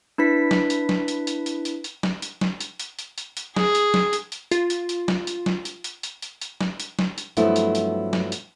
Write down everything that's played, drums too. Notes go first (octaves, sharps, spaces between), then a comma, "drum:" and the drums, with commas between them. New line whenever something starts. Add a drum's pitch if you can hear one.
D4 E4 B4 B6
drum: snare
drum: hi-hat
drum: snare
drum: hi-hat
drum: hi-hat
drum: hi-hat
drum: hi-hat
drum: hi-hat
drum: snare
drum: hi-hat
drum: snare
drum: hi-hat
drum: hi-hat
drum: hi-hat
drum: hi-hat
drum: hi-hat
G#4, drum: snare
drum: hi-hat
drum: snare
drum: hi-hat
drum: hi-hat
F4, drum: hi-hat
drum: hi-hat
drum: hi-hat
drum: snare
drum: hi-hat
drum: snare
drum: hi-hat
drum: hi-hat
drum: hi-hat
drum: hi-hat
drum: hi-hat
drum: snare
drum: hi-hat
drum: snare
drum: hi-hat
G2 F3 F#3 A3 B3 E4, drum: hi-hat
drum: hi-hat
drum: hi-hat
drum: snare
drum: hi-hat